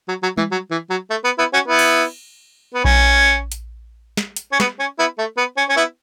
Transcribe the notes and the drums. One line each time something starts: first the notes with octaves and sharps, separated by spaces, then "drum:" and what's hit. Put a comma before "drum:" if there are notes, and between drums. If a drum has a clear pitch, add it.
F#3
F#3
E3, drum: tom G3
F#3
E3
F#3
A3
B3
B3 E4
C#4 F#4
B3 E4
drum: cymbal
B3
C#4, drum: kick A#1
drum: hi-hat
drum: snare
drum: hi-hat
C#4
B3, drum: snare
C#4
B3 E4
A3
B3
C#4
C#4
B3 E4